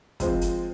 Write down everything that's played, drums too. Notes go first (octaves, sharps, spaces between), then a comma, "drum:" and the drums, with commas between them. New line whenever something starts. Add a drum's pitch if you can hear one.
F3 G#3 C4 F4, drum: kick, hi-hat
drum: hi-hat